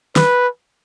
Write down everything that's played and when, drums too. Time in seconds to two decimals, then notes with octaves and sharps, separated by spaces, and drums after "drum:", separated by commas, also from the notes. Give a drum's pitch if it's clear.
0.16 B4, drum: snare